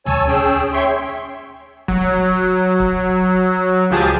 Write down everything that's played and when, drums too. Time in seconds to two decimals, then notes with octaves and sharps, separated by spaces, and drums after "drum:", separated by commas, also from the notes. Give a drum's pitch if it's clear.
0.06 C#5 G#5 A5 E6, drum: tom
0.28 C#4 G#4 G5 E6
0.73 C#5 E5 G5 C6 C#6
1.88 F#3, drum: kick
2.80 drum: kick
3.91 C#2 F3 G4 G#4 A5